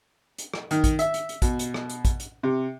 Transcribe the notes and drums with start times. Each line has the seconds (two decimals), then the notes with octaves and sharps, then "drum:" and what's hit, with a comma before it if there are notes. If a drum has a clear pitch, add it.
0.38 drum: hi-hat
0.54 drum: rim click
0.71 D#3, drum: hi-hat
0.84 drum: kick, hi-hat
0.99 E5, drum: hi-hat
1.14 drum: hi-hat
1.29 drum: hi-hat
1.42 B2, drum: kick, hi-hat
1.59 drum: hi-hat
1.74 drum: rim click
1.90 drum: hi-hat
2.05 drum: kick, hi-hat
2.20 drum: hi-hat
2.43 C3